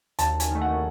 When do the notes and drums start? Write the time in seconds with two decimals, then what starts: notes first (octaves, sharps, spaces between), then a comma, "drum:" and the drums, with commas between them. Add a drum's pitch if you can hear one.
0.19 D#2 A5, drum: hi-hat
0.40 G#5, drum: hi-hat
0.51 D#3 A3
0.62 F#5